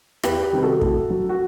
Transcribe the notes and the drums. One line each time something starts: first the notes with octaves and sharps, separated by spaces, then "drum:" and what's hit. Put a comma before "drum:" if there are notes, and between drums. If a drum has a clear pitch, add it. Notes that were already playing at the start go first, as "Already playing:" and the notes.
E2 G4 B4, drum: rim click
G4 B4
C3 D#3 G3
F#4 A4
A2, drum: kick
F#3
F#4